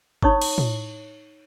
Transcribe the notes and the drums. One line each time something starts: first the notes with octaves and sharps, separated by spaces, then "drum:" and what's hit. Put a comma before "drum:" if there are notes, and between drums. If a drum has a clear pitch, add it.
D#4 C#5 C#6 D#6, drum: kick G1
drum: cymbal
drum: tom A2